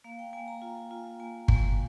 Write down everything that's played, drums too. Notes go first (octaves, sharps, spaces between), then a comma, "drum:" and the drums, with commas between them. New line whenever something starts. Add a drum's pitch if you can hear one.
A#3 F5
G5
A#3 G#5
A#5
F4
F4
A#3 G#5
A#3, drum: kick G1